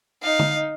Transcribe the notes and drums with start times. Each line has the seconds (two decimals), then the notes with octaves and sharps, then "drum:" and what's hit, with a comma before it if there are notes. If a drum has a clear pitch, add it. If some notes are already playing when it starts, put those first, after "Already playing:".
0.23 D#4 F5
0.39 drum: tom